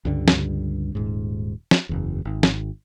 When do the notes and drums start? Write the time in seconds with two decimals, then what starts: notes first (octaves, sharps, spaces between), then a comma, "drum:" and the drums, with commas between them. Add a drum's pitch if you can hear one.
0.05 C#2 G2 D3 G3
0.28 drum: snare
0.95 D#1 G#2
1.71 drum: snare
1.89 F#1 E2
2.25 G#1
2.43 drum: snare